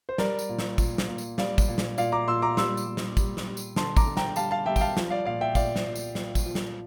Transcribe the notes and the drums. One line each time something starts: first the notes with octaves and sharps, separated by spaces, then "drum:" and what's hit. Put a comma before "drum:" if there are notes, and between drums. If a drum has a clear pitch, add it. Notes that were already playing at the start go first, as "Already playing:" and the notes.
C5
G3 A#4 D5, drum: snare
drum: tambourine
A#2
drum: snare
A#2, drum: kick, tambourine
drum: snare
A#2
drum: tambourine
G3 D5 F5, drum: snare
drum: kick, tambourine
A#2
drum: snare
A#2 D5 F5, drum: tambourine
A#5 D6
A#2 C6 E6
A#5 D6
G3 C6 E6, drum: snare
drum: tambourine
G3
drum: snare
G3, drum: kick, tambourine
drum: snare
G3
drum: tambourine
D3 A5 C6, drum: snare
A#5 D6, drum: kick, tambourine
D3
G5 A#5, drum: snare
G3 F5 A5, drum: tambourine
F5 A5
G3 E5 G5
G5, drum: kick, tambourine
F5 A5
F3, drum: snare
D5 F5
A#2 D5 F5
E5 G5
A#2 D5 F5, drum: kick, tambourine
drum: snare
A#2
drum: tambourine
A#2, drum: snare
drum: kick, tambourine
F3
drum: snare